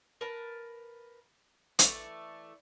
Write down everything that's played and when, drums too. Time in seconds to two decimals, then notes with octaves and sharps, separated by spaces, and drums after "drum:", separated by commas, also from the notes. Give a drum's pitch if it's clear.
0.21 A#4 B4 A5
1.79 E3 A3 D5, drum: hi-hat